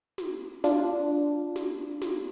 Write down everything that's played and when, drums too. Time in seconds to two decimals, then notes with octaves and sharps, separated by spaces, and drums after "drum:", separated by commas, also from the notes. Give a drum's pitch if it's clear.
0.18 drum: snare
0.64 D4 F4, drum: snare
1.56 drum: snare
2.02 drum: snare